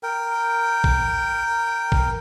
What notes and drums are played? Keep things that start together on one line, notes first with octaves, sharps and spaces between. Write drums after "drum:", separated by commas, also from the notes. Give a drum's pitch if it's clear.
A#4 G5
drum: kick
drum: kick